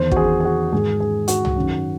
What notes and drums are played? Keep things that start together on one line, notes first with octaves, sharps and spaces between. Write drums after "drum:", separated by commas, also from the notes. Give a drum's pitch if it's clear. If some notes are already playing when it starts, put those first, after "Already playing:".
Already playing: E2 D#3 C5
F#4, drum: kick
G#4
G#4
F#4
G#2 D#3 G#4
G#4
F#4, drum: hi-hat
drum: tom C2
F#2 D#3